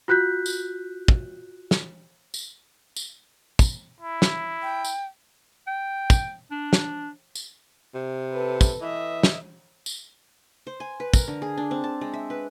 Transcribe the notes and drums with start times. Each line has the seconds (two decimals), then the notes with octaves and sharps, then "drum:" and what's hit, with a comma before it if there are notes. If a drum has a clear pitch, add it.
0.08 F4 F#4 F#6 G6 B6
0.46 drum: tambourine
1.08 drum: kick
1.71 drum: snare
2.34 drum: tambourine
2.96 drum: tambourine
3.59 drum: kick, tambourine
4.00 E4
4.22 drum: snare
4.63 G5
4.85 drum: tambourine
5.67 G5
6.10 drum: kick, tambourine
6.51 D4
6.73 drum: snare
7.35 drum: tambourine
7.94 C3
8.31 A4 B4
8.61 drum: kick, tambourine
8.81 E3 D#5 E5
9.23 drum: snare
9.86 drum: tambourine
10.67 C5
10.80 G#5
11.00 B4
11.14 A#4, drum: kick, tambourine
11.28 D3
11.42 G#4
11.58 D4
11.71 C4
11.84 A5
12.01 G#3
12.14 E5
12.30 B4